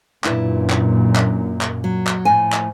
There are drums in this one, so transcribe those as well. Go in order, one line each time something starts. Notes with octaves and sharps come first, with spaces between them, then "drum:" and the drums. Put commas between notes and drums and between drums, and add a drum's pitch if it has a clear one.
F#2 A#2 D4 E4 B4, drum: clap
drum: clap
drum: clap
drum: clap
F#3
drum: clap
A2 F3 G#5
drum: clap